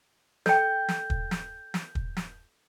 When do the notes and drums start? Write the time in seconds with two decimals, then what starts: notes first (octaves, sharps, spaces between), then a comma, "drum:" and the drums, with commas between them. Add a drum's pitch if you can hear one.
0.46 A4 G5 G6, drum: snare
0.88 drum: snare
1.10 drum: kick
1.31 drum: snare
1.74 drum: snare
1.95 drum: kick
2.17 drum: snare